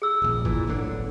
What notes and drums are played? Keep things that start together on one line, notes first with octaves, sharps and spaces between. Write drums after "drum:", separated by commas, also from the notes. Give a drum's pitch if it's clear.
G#4 E6
D#1 A#1
A#2 E3, drum: kick
B1 A2 D3